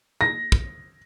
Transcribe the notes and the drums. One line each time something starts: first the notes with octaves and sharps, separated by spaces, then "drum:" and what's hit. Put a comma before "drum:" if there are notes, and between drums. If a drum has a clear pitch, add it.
A#6
drum: kick